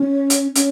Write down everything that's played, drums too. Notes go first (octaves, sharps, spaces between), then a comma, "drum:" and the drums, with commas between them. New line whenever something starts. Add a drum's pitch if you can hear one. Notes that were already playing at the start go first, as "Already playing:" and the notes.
Already playing: C#4
drum: hi-hat
C#4, drum: hi-hat